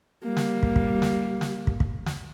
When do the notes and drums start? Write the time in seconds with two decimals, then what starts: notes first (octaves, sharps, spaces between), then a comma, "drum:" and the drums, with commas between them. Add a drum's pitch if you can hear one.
0.24 G3 A#3
0.37 drum: snare
0.63 drum: kick
0.76 drum: kick
1.02 drum: snare
1.41 drum: snare
1.67 drum: kick
1.80 drum: kick
2.06 drum: snare